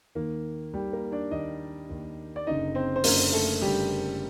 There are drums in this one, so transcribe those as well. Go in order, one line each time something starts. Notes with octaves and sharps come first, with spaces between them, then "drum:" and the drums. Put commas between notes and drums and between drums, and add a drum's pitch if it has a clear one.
D#2 D#3 A#3
D#2 D#3 G3 G4
A#3 A#4
D4 D5
D#2 D#3 D#4 D#5
D#2 D#3
D5
F#1 F#2 D3 D#4 D#5
C4 C5
C5
F#1 F#2 D3 A#3 A#4, drum: open hi-hat
A3 A4
F#1 F#2 D3 G3 G4